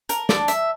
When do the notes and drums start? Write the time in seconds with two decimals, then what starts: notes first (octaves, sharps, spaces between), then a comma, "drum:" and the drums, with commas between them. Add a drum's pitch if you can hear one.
0.09 A#4, drum: hi-hat
0.29 D4, drum: snare
0.48 E5, drum: hi-hat